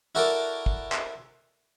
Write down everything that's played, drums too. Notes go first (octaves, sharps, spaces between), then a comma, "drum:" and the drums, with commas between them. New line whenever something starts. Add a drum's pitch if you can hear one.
E4 F#4 A4 A#4 D5
drum: kick
drum: clap